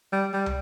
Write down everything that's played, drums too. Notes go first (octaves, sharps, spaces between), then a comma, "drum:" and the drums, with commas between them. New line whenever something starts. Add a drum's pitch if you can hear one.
G3
G3
drum: tom